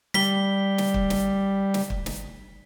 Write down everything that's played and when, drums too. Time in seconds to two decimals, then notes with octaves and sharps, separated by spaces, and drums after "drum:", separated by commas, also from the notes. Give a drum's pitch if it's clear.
0.14 G3 B6 G7, drum: snare
0.78 drum: snare
0.94 drum: kick
1.10 drum: snare
1.74 drum: snare
1.90 drum: kick
2.06 drum: snare